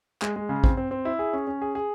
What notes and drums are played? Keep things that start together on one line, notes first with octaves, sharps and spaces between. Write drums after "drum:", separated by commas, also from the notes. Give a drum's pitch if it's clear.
G#3, drum: clap
G#3
C#3
C4, drum: kick
C4
C4
E4
G#4
C#4
C#4
G#4
G#4